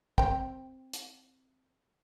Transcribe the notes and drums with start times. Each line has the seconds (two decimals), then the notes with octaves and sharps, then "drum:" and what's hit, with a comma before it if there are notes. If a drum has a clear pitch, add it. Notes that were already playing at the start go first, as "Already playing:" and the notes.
0.18 C4 G5, drum: kick
0.93 drum: hi-hat